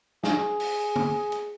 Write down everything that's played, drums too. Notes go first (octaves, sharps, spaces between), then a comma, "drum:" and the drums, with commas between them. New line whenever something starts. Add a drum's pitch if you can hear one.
G#4, drum: snare
drum: open hi-hat
drum: tom
drum: hi-hat